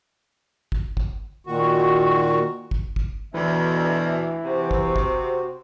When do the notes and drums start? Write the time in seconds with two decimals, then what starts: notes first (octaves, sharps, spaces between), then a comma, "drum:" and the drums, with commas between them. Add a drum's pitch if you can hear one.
0.72 drum: kick G1
0.97 drum: kick G1
1.47 A#2 D#3 F#4
2.71 drum: kick G1
2.96 drum: kick G1
3.34 D2 B2 E3 D4 E5
4.44 C3 C4 F#4
4.71 drum: kick G1
4.96 drum: kick G1